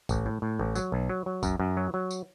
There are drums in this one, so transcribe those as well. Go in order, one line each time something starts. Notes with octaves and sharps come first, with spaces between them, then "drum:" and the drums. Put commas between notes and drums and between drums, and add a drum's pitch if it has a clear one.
A1, drum: kick B1, tambourine
A2
A2
A1
F#3, drum: tambourine
B1
F#3
F#3
F#2, drum: kick B1, tambourine
F#2
F#3
F#3
drum: tambourine